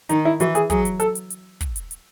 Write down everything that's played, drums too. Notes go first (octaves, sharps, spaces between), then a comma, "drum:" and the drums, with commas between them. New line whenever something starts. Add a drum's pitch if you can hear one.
D#3 D#4, drum: hi-hat
E4
E3 F#4, drum: hi-hat
G#4, drum: hi-hat
F#3 G#4, drum: kick, hi-hat
drum: hi-hat
A4, drum: hi-hat
drum: hi-hat
drum: hi-hat
drum: kick, hi-hat
drum: hi-hat
drum: hi-hat